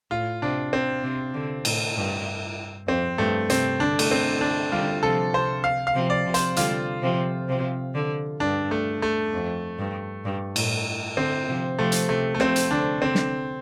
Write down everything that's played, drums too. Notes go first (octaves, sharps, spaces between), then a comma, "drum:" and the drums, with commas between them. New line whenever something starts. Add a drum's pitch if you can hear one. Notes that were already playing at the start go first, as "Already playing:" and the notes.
A2 F4
C3 D4
C4
C3
D3
A2, drum: cymbal
G2
F2 C4
G2 A3
C3 C4, drum: hi-hat
D3 D4
A3, drum: cymbal
C4
D3
D4
D3 G3 F4
C3 F3 A4
C3 C5
F5
F5
C3 F3
D5
C3 F3
C5, drum: hi-hat
D3 G3 F4, drum: hi-hat
C3 F3
C3 F3
D3
G2 D4
A3
A3
F2
G2
G2
A2, drum: cymbal
D3 C4
C3 F3
C3 F3 A3
drum: hi-hat
C3 F3 A3
A3
C3 F3 C4, drum: rim click
drum: hi-hat
D3 D4
D3 C4
drum: snare